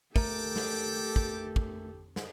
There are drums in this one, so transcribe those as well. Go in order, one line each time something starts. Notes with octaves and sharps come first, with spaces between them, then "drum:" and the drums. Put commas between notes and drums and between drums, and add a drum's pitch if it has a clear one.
A3 G4 A4 A#4 G5 A5 A#5 D6, drum: kick
drum: snare
drum: kick
drum: kick
drum: snare